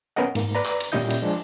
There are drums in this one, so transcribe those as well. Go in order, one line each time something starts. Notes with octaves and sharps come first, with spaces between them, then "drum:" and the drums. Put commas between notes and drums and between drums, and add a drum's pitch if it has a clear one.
B3 C#4 A#4 B4 D#5 F#5
G#2 A#3, drum: cymbal
B4 D5 A#5
drum: clap
drum: cymbal
A#2 G3 C#4 E4 D#5 G6
drum: cymbal
F3 G#3 D4